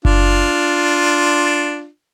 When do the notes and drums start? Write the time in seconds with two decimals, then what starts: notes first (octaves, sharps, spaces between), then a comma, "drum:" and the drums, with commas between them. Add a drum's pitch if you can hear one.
0.05 D4 F4, drum: kick F#1